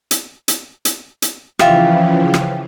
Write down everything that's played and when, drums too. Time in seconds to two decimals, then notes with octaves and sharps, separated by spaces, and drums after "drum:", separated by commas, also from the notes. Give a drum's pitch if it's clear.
0.11 drum: hi-hat
0.48 drum: hi-hat
0.85 drum: hi-hat
1.22 drum: hi-hat
1.59 C#3 E3 F3 F4 G4 E5, drum: rim click
2.34 drum: rim click